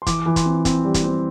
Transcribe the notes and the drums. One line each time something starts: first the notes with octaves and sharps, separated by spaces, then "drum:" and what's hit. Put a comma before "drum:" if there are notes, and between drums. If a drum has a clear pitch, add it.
C6
E3 D6, drum: kick, hi-hat
E3
C6, drum: kick, hi-hat
C4
C4, drum: kick, hi-hat
G3
drum: kick, hi-hat
C4